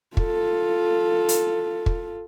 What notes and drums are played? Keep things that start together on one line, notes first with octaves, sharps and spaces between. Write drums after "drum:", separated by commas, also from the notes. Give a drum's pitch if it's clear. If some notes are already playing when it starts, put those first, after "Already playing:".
F4 A4, drum: kick
drum: hi-hat
drum: kick